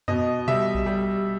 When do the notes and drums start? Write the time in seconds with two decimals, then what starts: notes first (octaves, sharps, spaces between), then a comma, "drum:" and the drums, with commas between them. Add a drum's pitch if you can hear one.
0.08 B2 D#5, drum: tom F2
0.48 G3 E5, drum: tom B2
0.75 drum: kick A#1
0.86 G3